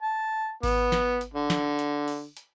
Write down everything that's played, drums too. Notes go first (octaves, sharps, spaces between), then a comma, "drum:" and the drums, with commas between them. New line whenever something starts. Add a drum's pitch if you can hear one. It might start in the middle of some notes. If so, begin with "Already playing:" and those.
A5
B3, drum: kick G#1, open hi-hat
drum: snare
drum: hi-hat
D3
drum: snare
drum: hi-hat
drum: open hi-hat
drum: hi-hat